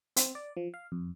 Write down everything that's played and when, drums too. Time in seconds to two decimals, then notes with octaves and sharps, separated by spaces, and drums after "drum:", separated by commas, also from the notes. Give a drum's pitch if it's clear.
0.16 C4, drum: hi-hat
0.35 D5
0.57 F3
0.74 F5
0.92 F2